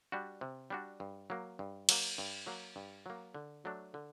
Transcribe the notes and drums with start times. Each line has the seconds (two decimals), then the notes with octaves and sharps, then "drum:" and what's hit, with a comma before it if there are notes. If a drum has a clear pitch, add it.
0.12 G3 D4 F#4
0.41 C3
0.70 G3 D4 F#4
1.00 G2
1.30 F#3 A#3
1.59 G2
1.89 F#3 A#3, drum: cymbal
2.18 G2
2.47 F#3 A#3
2.76 G2
3.06 F#3 A#3
3.35 D3
3.65 F#3 A3 D4
3.94 D3